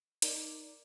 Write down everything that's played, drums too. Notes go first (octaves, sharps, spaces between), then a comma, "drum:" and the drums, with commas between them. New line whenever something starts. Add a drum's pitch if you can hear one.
D#4 A#4 D5, drum: hi-hat